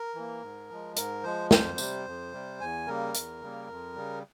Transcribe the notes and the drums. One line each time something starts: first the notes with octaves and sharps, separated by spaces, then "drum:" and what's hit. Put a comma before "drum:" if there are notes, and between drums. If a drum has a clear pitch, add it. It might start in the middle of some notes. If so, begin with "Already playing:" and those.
Already playing: A#4
E3 A#3
G#2
F3 G#3
G#2 A#4, drum: hi-hat
F3 G#3 C5
F2 C5, drum: snare
C3 G3, drum: tambourine
F2
C3 G3
E2 G#5
C#3 G3 A#3 A#4
E2, drum: hi-hat
C#3 G3 A#3
F2
C#3 G3